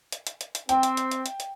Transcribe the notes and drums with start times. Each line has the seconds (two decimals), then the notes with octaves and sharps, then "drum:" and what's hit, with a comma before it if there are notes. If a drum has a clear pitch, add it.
0.12 drum: hi-hat
0.27 drum: hi-hat
0.41 drum: hi-hat
0.55 drum: hi-hat
0.69 C4 G5, drum: hi-hat
0.83 drum: hi-hat
0.97 drum: hi-hat
1.11 drum: hi-hat
1.26 drum: hi-hat
1.40 drum: hi-hat